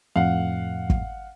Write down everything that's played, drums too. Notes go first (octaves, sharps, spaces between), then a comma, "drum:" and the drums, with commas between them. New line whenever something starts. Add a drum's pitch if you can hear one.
F2 A2 F5 F#5
drum: kick